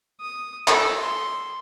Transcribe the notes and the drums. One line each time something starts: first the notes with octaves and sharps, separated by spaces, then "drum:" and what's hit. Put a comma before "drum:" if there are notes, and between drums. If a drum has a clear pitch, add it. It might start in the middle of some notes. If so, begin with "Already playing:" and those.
D#6
A4, drum: clap
C6